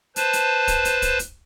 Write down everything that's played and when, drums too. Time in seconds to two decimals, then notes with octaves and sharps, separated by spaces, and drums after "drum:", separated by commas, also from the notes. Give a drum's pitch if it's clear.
0.16 B4 C5 A5, drum: hi-hat
0.33 drum: hi-hat
0.68 drum: kick, hi-hat
0.85 drum: hi-hat
1.02 drum: kick, hi-hat
1.19 drum: hi-hat